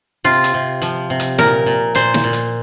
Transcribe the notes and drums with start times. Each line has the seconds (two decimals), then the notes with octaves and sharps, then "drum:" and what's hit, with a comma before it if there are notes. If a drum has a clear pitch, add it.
0.24 C3 F4
0.44 drum: hi-hat
0.54 C3
0.82 F3, drum: hi-hat
1.10 C3
1.20 drum: hi-hat
1.38 A#2 A#4, drum: snare
1.66 A#2
1.95 A#2 C5, drum: hi-hat
2.14 drum: snare
2.24 A#2
2.33 drum: hi-hat